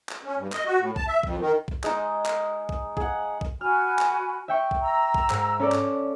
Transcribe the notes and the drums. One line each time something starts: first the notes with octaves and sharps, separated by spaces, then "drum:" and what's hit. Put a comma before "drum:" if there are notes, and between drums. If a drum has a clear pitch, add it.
drum: clap
C#4
G2
D#5, drum: clap
F#4
A2
A5, drum: kick A#1
E5
F2, drum: kick A#1
D#3
drum: kick A#1
G#3 D#4, drum: clap
drum: clap
drum: kick A#1
G#4 F#5, drum: kick A#1
drum: kick A#1
F#4 G#5 B5 F6
drum: clap
E5 G5 C#6
drum: kick A#1
A#5 E6
drum: kick A#1
G#2, drum: clap
C#4 A4 D5
drum: clap